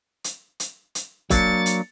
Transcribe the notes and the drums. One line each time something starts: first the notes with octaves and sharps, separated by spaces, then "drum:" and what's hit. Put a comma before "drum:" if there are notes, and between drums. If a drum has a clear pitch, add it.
drum: hi-hat
drum: hi-hat
drum: hi-hat
F#3 A#3 D4 A6 C#7, drum: kick, hi-hat
drum: hi-hat